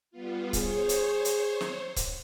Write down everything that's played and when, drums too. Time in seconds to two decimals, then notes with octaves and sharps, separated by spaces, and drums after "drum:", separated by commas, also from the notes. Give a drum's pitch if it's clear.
0.11 G3 B3 F4
0.53 G#4 C5 C#5, drum: kick C#1, hi-hat
0.89 drum: hi-hat
1.25 drum: hi-hat
1.61 drum: snare
1.96 drum: kick C#1, hi-hat